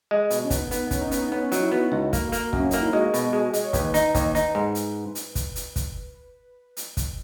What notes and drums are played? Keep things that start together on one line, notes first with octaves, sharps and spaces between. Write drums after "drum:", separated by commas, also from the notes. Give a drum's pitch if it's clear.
G#3
B2, drum: hi-hat
C#4
B3 D#4, drum: kick, hi-hat
B3, drum: hi-hat
B3 C#4, drum: kick, hi-hat
D#4
B3 C#4, drum: hi-hat
D#4
B3 C#4
C#4
F#3 D#4, drum: hi-hat
E4
B3 F#4
C#2
A#3, drum: kick, hi-hat
A#3, drum: hi-hat
F#2, drum: kick
C#4
A#3 D#4, drum: hi-hat
E4
G#3 F#4
B2, drum: hi-hat
F#4
G#3 G#4
G#3, drum: hi-hat
C#5
D#2 B4, drum: kick, hi-hat
D#4, drum: hi-hat
D#2, drum: kick, hi-hat
D#4, drum: hi-hat
G#2
drum: hi-hat
drum: hi-hat
drum: kick, hi-hat
drum: hi-hat
drum: kick, hi-hat
drum: hi-hat
drum: kick, hi-hat